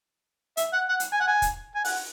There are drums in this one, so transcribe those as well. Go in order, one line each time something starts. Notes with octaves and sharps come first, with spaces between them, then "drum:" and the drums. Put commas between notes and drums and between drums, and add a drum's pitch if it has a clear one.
E5, drum: hi-hat
F#5
F#5
drum: hi-hat
G#5
F#5
G#5
drum: kick, hi-hat
G#5
F#5, drum: open hi-hat